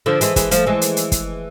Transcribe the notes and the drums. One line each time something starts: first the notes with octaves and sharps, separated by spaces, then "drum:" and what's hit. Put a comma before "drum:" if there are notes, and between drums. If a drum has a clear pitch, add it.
D3 F3
E3 G#3, drum: hi-hat
E3 G#3, drum: kick, hi-hat
F3 A3, drum: hi-hat
E3 G#3
drum: hi-hat
drum: hi-hat
drum: kick, hi-hat